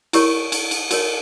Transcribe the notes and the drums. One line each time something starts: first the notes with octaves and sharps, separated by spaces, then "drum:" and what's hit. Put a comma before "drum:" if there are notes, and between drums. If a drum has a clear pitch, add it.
E4 G4 A#4 C#5 C#6, drum: cymbal
drum: cymbal
drum: cymbal
F#4 A#4 C#5, drum: cymbal